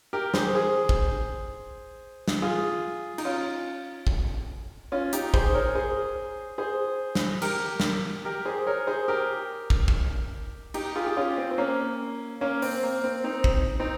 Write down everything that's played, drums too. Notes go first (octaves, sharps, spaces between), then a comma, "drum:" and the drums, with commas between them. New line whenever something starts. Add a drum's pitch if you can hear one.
G4 A#4
G#4 C5, drum: snare
G#4 C5
drum: kick
drum: snare
F4 G#4
D#4, drum: cymbal
C#4 F4
drum: kick
C#4 F4
D#4 G4, drum: hi-hat
G#4 C5, drum: kick
A#4 C#5
G#4 C5
G#4 C5
drum: snare
G4 A#4, drum: cymbal
drum: snare
G4 A#4
G#4 C5
A#4 C#5
G#4 C5
G4 A#4
drum: kick
drum: kick
D#4 G4, drum: cymbal
F4 G#4
G4
C#4 F4
C4
C4
A#3 C#4
A#3 C#4
C4, drum: open hi-hat
A#3
C4
C4 D#4
drum: kick
C4 D#4